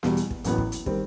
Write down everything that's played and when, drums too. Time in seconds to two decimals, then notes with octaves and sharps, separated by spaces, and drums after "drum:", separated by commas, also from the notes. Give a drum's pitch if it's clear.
0.03 E2 B2 G3, drum: snare
0.17 drum: hi-hat
0.31 drum: kick
0.44 A1 A2 F#3 B3, drum: hi-hat
0.58 drum: kick
0.72 drum: hi-hat
0.86 D#3 G3 C4, drum: kick